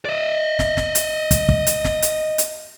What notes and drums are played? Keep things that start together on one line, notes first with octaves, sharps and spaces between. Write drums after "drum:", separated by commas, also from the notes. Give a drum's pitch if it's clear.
D5 D#5
drum: snare
drum: snare
drum: hi-hat
drum: kick, hi-hat
drum: kick
drum: hi-hat
drum: snare
drum: hi-hat
drum: hi-hat